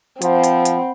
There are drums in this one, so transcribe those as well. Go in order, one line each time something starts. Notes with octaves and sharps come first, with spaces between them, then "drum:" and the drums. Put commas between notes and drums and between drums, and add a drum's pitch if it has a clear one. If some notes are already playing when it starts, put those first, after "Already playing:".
F3 C4 F#5 B5, drum: hi-hat
drum: hi-hat
drum: hi-hat